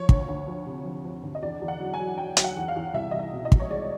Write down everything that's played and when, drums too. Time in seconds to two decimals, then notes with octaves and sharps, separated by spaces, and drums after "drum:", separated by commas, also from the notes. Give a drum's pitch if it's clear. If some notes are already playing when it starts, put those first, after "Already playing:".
Already playing: F3 C#5
0.09 D2, drum: kick
0.28 D2
0.47 F3
0.66 C3
0.85 F3
1.04 F3
1.23 D2
1.35 D#5
1.42 E2 D5
1.61 E2
1.68 F#5
1.80 F#3
1.94 G#5
1.99 F#3
2.18 F#3 G5
2.37 F#3, drum: hi-hat
2.44 F#5
2.57 E2
2.68 F5
2.76 E2
2.94 C2 E5
3.11 C2 D#5
3.19 E5
3.33 B2
3.45 D#5
3.52 B2, drum: kick
3.60 C#5
3.70 G#3 D5